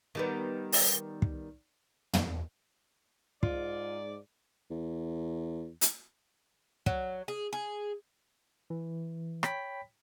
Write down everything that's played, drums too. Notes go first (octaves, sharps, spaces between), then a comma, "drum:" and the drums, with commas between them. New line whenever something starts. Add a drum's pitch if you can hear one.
D#3 G3 B3
drum: open hi-hat
drum: kick
drum: tom
G#2 F4 D5, drum: kick
E2
drum: hi-hat
F#3, drum: kick
G#4
G#4
E3
C#5 G5 B5 B6, drum: rim click